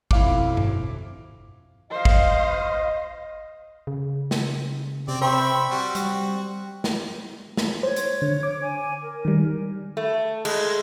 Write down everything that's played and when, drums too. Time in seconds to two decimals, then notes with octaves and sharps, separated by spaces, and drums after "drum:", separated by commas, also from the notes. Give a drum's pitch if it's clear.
0.11 F2 B2 E4 F5 D6, drum: kick
0.57 drum: tom G2
1.91 C5 D#5 F5
2.05 drum: kick
3.87 C#3
4.31 drum: snare
5.08 C3 C4 D5
5.21 C4 E5 B5 C#6
5.70 G3 F#4
5.95 G3 F#4, drum: hi-hat
6.84 drum: snare
7.57 drum: snare
7.83 C5 C#5
7.96 drum: hi-hat
8.22 D3
8.43 D6
8.62 G#5
9.03 A#4
9.25 D#3 G3
9.97 A3
10.45 G#3, drum: cymbal